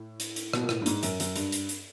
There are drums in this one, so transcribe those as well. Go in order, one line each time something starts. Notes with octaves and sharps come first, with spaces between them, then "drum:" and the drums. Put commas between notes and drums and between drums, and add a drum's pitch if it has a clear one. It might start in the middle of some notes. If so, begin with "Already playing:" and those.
Already playing: A2
drum: hi-hat
drum: hi-hat
B2, drum: rim click
A#2
A2, drum: rim click
G2
G#2, drum: hi-hat
F#2, drum: hi-hat
F#2, drum: hi-hat
G2, drum: hi-hat
drum: hi-hat
drum: hi-hat